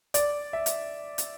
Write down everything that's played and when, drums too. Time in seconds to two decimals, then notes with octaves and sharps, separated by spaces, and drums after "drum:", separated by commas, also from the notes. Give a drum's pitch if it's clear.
0.14 D5, drum: hi-hat
0.53 E5
0.66 drum: hi-hat
1.18 drum: hi-hat